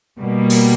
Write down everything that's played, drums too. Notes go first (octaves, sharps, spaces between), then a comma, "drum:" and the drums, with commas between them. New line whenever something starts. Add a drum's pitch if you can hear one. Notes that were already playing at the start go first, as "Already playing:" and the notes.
B2 G3 A#3
drum: open hi-hat